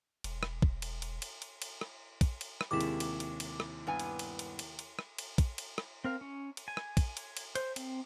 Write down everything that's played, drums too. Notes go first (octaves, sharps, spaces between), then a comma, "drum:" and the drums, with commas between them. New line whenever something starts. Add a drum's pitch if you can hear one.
E1, drum: cymbal
drum: rim click
drum: kick
drum: cymbal
drum: cymbal
drum: cymbal
drum: cymbal
drum: cymbal
drum: rim click
drum: kick, cymbal
drum: cymbal
drum: rim click
D#2 C3 G#3 E4 D6
drum: cymbal
drum: cymbal
drum: cymbal
drum: cymbal
drum: rim click
G2 B3 G#5
drum: cymbal
drum: cymbal
drum: cymbal
drum: cymbal
drum: cymbal
drum: rim click
drum: cymbal
drum: kick, cymbal
drum: cymbal
drum: rim click
C4 A#4 F5
C#4
drum: cymbal
G#5
drum: rim click
drum: kick, cymbal
drum: cymbal
drum: cymbal
C5, drum: cymbal
C4, drum: cymbal